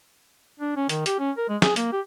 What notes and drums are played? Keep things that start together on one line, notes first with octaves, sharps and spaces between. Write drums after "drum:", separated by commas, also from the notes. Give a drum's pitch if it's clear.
D4
C#4
D#3, drum: hi-hat
G4, drum: hi-hat
C#4
A#4
G#3
G#4, drum: snare
A#3, drum: hi-hat
G4